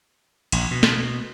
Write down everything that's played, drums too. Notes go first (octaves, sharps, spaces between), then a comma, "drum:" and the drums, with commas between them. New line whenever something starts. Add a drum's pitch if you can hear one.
A#1, drum: cymbal
B2
drum: snare